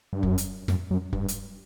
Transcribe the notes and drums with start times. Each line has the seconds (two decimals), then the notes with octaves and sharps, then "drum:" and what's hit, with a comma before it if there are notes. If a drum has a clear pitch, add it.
0.13 G2
0.23 F#2, drum: kick
0.38 drum: hi-hat
0.68 F#2, drum: snare
0.91 F#2
1.13 G2, drum: kick
1.28 drum: hi-hat